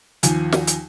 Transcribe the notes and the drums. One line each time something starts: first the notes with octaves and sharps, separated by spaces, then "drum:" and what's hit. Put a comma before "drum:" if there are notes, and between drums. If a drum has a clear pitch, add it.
D#2 F3 G#5, drum: hi-hat
drum: snare
drum: hi-hat